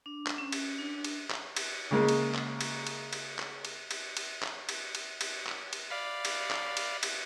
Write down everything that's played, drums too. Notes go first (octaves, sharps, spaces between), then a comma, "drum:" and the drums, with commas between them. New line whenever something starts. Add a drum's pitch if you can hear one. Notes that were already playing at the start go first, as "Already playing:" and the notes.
D4
drum: clap
C#4
drum: cymbal
D4
drum: cymbal
drum: clap
drum: cymbal
C#3 G#3 A#3
drum: cymbal
drum: clap
drum: cymbal
drum: cymbal
drum: cymbal
drum: clap
drum: cymbal
drum: cymbal
drum: cymbal
drum: clap
drum: cymbal
drum: cymbal
drum: cymbal
drum: clap
drum: cymbal
D5 F5 B5
drum: cymbal
drum: clap
drum: cymbal
drum: cymbal